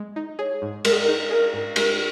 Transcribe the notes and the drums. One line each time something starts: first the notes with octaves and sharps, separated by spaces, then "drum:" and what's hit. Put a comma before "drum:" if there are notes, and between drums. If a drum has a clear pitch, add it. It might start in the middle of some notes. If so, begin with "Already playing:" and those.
Already playing: G#3
D#4
G#4 C#5
G#2
G#3 A#4, drum: cymbal
G#4
A#4
D#4
G#4 A#4
G#2
G#3 A#4, drum: cymbal